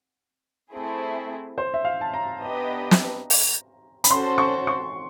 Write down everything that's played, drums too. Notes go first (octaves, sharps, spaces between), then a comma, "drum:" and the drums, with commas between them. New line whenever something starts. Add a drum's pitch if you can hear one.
A3 C4 E4 G#4
C5
E5
F5
A5
A#5
B3 D4 G4 B4 D#5
drum: snare
drum: open hi-hat
B5, drum: hi-hat
C#4 F#4 A4 C5 C6
C#6
C#6